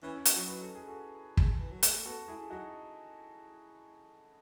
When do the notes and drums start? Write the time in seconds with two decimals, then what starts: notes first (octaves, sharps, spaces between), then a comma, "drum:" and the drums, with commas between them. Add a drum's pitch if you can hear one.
0.02 E3 C#4 E4
0.25 D#4 F#4, drum: hi-hat
0.36 F#3
0.48 B4
0.61 A4
0.75 G#4
0.88 F#4 A4
1.37 G#3, drum: kick
1.59 E3
1.71 F#3
1.83 G#3, drum: hi-hat
1.94 A3
2.05 B3 F#4 A4
2.28 G#3 E4 G#4
2.50 F#3 D#4 F#4